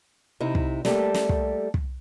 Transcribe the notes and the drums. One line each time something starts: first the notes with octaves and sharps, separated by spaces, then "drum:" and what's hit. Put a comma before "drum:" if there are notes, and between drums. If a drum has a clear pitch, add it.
C3 D#4 E4
drum: kick
G3 A3 A#3 G4 A4, drum: snare
drum: snare
drum: kick
drum: kick